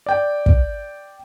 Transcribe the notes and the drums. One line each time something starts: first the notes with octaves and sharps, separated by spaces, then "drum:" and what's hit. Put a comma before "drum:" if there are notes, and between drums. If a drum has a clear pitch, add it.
D5 G5
drum: kick